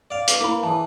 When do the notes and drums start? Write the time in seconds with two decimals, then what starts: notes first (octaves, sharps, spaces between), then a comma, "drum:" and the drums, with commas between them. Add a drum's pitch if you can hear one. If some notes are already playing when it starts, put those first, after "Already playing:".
0.11 D5 F5
0.28 B4 D6, drum: hi-hat
0.40 A#3 E4 B5
0.63 E3 A4 A5